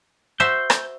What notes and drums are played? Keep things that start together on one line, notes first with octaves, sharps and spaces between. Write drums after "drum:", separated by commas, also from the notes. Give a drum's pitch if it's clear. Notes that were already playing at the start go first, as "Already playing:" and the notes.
F#4 C5 E5 G6
drum: rim click